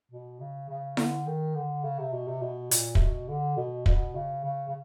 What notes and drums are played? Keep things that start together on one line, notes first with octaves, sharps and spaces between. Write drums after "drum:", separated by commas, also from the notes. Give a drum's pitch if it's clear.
B2
C#3
C#3
D3, drum: snare E4
D#3
D3
C#3
C3
B2
C3
B2
A#2, drum: hi-hat
C3, drum: kick
B2
D3
B2
B2, drum: kick
C#3
C#3
C#3